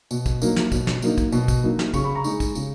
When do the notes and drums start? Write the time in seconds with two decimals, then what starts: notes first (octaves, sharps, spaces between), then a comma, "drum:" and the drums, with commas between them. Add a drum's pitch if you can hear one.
0.11 B2, drum: tambourine
0.26 drum: kick, tambourine
0.42 F#3 A#3 D#4, drum: tambourine
0.56 drum: snare
0.72 B2, drum: kick, tambourine
0.87 drum: snare
1.02 F#3 A#3 D#4, drum: tambourine
1.18 drum: kick, tambourine
1.32 B2, drum: tambourine
1.48 drum: kick, tambourine
1.64 F#3 A#3 D#4
1.79 drum: snare
1.94 C#3 C#6, drum: kick, tambourine
2.05 B5
2.15 A#5 C#6
2.24 G#3 D#4, drum: tambourine
2.40 drum: kick, tambourine
2.55 C#3, drum: tambourine